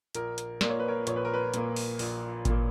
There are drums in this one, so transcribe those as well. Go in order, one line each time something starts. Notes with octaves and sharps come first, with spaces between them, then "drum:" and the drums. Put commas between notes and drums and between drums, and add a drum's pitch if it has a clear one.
A#1 A#4, drum: hi-hat
drum: hi-hat
A#2 A#3 D5, drum: snare
C#5
B4
A#4 C#5
A#1 C#5, drum: hi-hat
B4
A#4
B4
A#2 A#3, drum: hi-hat
drum: open hi-hat
A#1, drum: open hi-hat
A#2 A#3, drum: kick G#1, hi-hat